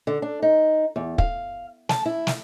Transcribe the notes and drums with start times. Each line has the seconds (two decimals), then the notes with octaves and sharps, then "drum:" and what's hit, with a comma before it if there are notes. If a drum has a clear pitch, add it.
0.07 D3
0.22 D4
0.42 D#4
0.96 E2
1.18 F5, drum: kick
1.89 A5, drum: snare
2.06 E4
2.27 drum: snare